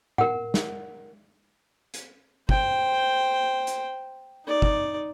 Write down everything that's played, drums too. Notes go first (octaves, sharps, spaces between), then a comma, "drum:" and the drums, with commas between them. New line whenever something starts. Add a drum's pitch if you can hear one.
A#4 F#5, drum: tom A2
drum: snare
drum: hi-hat
C5 G5, drum: kick
drum: hi-hat
D#4 D5
drum: kick